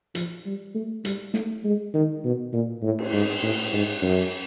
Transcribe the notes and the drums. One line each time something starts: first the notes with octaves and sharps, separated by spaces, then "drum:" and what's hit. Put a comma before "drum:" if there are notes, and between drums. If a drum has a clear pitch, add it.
F3, drum: hi-hat
G3
A3
G3, drum: hi-hat
A3, drum: snare
G#3
D#3
B2
A#2
A2
drum: cymbal
G#2
A2
G#2
F#2